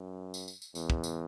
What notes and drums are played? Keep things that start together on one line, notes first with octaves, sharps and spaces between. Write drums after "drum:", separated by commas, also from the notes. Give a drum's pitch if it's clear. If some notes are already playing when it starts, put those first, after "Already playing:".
Already playing: F#2
drum: tambourine
drum: tambourine
drum: tambourine
E2, drum: tambourine
drum: kick
drum: tambourine